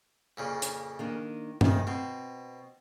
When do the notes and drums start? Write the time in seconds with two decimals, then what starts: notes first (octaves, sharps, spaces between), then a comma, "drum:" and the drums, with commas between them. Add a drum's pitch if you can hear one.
0.37 F2 A#2 C#3
0.62 drum: hi-hat
0.99 D#3 A#3 D4
1.61 A#1 F2 C3 D#3, drum: tom
1.87 B2 C4